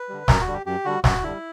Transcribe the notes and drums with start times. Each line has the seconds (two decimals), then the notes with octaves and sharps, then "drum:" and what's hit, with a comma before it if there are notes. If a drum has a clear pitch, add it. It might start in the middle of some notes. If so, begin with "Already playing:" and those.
Already playing: B4
0.09 D3 G3
0.28 F#2 A#4, drum: snare
0.41 F#4
0.47 D3 G3
0.53 G4
0.66 F#2 G4
0.85 D3 G3 F#4
1.04 F#2 F#4, drum: snare
1.23 D3 G3 E4